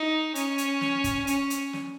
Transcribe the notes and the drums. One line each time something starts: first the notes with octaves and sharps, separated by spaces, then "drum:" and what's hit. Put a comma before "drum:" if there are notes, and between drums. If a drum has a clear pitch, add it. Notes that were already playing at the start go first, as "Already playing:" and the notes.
Already playing: D#4
C#4, drum: hi-hat
drum: hi-hat
drum: snare
drum: kick, hi-hat
C#4, drum: hi-hat
drum: hi-hat
drum: snare